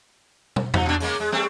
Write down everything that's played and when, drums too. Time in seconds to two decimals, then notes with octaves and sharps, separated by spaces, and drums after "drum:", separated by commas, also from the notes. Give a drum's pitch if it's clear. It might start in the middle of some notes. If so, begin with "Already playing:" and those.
0.56 drum: tom
0.74 F3 D#4, drum: tom E2
0.86 A#2 D4
1.00 C#3 G#3 A#3, drum: open hi-hat
1.20 G#3
1.32 G3 A3 C4